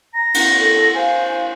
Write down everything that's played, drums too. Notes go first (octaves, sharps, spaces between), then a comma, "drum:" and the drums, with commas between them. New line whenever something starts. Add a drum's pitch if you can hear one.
A#5 A#6
drum: cymbal
A4
C5 F5 G#5